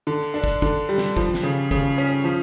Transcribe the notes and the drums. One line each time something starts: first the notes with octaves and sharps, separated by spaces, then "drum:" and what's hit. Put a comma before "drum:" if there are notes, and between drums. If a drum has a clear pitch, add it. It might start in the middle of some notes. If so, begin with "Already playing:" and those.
D3
D4
drum: kick
D3, drum: kick
G3
drum: snare
F3, drum: kick
drum: snare
C#3
C#3, drum: kick
C#4
F3